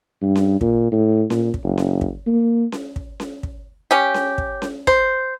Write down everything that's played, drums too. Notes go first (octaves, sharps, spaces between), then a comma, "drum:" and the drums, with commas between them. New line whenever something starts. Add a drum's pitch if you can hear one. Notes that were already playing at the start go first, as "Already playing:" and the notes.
G2
drum: snare C#4
A#2, drum: kick
A2
A#2, drum: snare C#4
drum: kick
F#1
drum: snare C#4
drum: kick
A#3
drum: snare C#4
drum: kick
drum: snare C#4
drum: kick
C#4 G4
drum: snare C#4
drum: kick
drum: snare C#4
C5, drum: kick